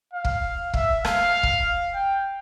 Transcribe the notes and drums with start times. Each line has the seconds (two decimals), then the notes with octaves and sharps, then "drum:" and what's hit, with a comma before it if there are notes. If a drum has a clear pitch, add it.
0.14 F5
0.25 drum: kick
0.74 E5, drum: kick
1.05 F5, drum: rim click
1.43 drum: kick
1.95 G5